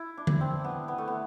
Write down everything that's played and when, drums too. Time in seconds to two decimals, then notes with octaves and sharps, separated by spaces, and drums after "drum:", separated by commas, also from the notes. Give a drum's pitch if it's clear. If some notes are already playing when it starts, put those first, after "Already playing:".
Already playing: E4
0.17 D4
0.27 drum: tom D3
0.41 C4
0.64 B3
0.88 B3
0.98 A3
1.08 B3